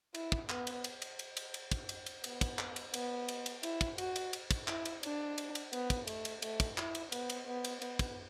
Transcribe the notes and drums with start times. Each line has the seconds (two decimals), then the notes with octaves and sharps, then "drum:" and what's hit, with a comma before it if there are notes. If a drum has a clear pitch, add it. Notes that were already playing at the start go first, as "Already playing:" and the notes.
0.15 E4, drum: cymbal
0.32 drum: kick
0.49 B3, drum: clap
0.67 drum: cymbal
0.84 drum: cymbal
1.02 drum: cymbal
1.19 drum: cymbal
1.37 drum: cymbal
1.54 drum: cymbal
1.72 drum: kick, cymbal
1.89 drum: cymbal
2.06 drum: cymbal
2.24 B3, drum: cymbal
2.41 drum: kick, cymbal
2.59 drum: clap
2.76 drum: cymbal
2.94 B3, drum: cymbal
3.28 drum: cymbal
3.46 drum: cymbal
3.63 E4, drum: cymbal
3.81 drum: kick, cymbal
3.98 F#4, drum: cymbal
4.16 drum: cymbal
4.33 drum: cymbal
4.51 drum: kick, cymbal
4.68 E4, drum: clap
4.85 drum: cymbal
5.03 D4, drum: cymbal
5.38 drum: cymbal
5.55 drum: cymbal
5.73 B3, drum: cymbal
5.90 drum: kick, cymbal
6.07 A3, drum: cymbal
6.25 drum: cymbal
6.42 A3, drum: cymbal
6.60 drum: kick, cymbal
6.78 E4, drum: clap
6.95 drum: cymbal
7.12 B3, drum: cymbal
7.30 drum: cymbal
7.47 B3
7.64 drum: cymbal
7.82 B3, drum: cymbal
7.99 drum: kick, cymbal